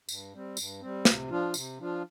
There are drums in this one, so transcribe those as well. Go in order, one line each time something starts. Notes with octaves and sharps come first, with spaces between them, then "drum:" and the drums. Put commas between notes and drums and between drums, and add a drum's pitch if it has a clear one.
G2, drum: tambourine
G3 C4
G2, drum: tambourine
G3 C4
C3, drum: snare
F3 D4 F4
C3, drum: tambourine
F3 D4 F4